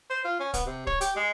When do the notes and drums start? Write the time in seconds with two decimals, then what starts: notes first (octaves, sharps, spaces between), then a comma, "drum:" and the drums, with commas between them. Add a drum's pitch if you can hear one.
0.10 C5
0.25 F4
0.40 C#4
0.54 B3, drum: kick C#1, hi-hat
0.66 C3
0.87 C#5, drum: kick C#1
1.01 G4, drum: hi-hat
1.16 G#3